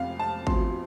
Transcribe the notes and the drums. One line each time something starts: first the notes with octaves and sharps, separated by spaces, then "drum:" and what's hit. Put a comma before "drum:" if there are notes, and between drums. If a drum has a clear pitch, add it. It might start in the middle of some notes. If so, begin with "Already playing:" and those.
Already playing: F1 F2 C3 F5
A5
E1 D2 C3 F3 C6, drum: kick G#1